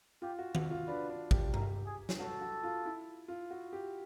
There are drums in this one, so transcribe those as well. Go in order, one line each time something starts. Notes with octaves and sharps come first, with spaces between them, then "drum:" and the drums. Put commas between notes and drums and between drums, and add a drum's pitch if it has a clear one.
F4 G4
F#4
F#4, drum: tom D#3
F4
D4 B4
D4
G4, drum: kick
A#4, drum: tom G2
G#4
drum: snare
F#4 A4
F#4
F4
E4
F4
F#4
G4